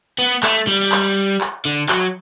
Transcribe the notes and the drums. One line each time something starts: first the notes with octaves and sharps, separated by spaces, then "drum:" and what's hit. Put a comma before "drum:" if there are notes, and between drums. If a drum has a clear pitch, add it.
B3
A3, drum: clap
G3
drum: clap
drum: clap
D3
F#3, drum: clap